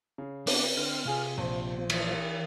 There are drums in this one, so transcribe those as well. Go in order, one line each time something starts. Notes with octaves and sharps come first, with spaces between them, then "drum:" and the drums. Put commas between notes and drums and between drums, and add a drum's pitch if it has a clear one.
C#3
B3 C4 D4 D6, drum: open hi-hat
D3 F6
C3 F4 G#4 G#5
A#1 F3
E3, drum: cymbal